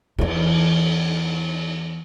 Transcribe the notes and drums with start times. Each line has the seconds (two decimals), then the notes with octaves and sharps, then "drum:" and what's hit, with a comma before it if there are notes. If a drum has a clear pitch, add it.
0.18 E2 E3, drum: cymbal